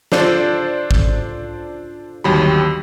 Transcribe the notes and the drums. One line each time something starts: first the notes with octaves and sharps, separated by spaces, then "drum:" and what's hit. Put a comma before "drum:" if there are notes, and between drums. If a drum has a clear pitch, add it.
D4 F4 A4 C5 D5, drum: snare
drum: kick G#1
G1 D#2 F#3 G3 B5